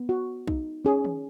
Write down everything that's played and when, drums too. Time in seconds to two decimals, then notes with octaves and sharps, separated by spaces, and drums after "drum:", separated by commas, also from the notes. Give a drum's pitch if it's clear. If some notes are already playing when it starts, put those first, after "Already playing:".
Already playing: B3
0.09 F#4
0.48 D#4, drum: kick B1
0.85 C#4 G#4
1.04 drum: tom D#3